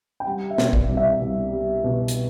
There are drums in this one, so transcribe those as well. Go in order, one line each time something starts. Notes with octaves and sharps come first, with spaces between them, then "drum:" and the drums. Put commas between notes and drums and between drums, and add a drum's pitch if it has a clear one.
G5
G3 F#5
E5
B2, drum: snare
D5, drum: kick A#1
C2
E5
C2
G3
B2
drum: hi-hat